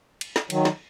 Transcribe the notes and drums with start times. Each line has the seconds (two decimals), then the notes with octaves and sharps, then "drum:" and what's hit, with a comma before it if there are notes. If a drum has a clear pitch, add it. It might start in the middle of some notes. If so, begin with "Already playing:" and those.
0.21 drum: cymbal
0.36 drum: snare
0.50 D#3 F#3, drum: cymbal
0.65 drum: snare